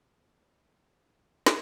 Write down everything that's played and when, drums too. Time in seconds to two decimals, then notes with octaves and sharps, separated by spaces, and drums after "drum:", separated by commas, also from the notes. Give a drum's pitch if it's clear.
0.13 C#3
0.32 A#2
0.53 A#2
0.73 F3
0.93 D#3
1.13 C#3
1.46 drum: snare